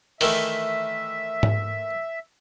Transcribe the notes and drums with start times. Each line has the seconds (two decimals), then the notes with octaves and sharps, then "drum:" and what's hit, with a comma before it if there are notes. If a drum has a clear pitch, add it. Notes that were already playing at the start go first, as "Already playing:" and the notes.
0.21 D#3 E3 A3 E5, drum: open hi-hat
1.43 drum: tom G#2